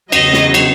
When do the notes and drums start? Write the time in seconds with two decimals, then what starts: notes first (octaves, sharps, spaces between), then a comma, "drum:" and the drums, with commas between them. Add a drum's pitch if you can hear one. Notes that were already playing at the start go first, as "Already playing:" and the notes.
0.12 E2 C#3 F#3 D#5, drum: cymbal
0.33 drum: snare
0.54 drum: cymbal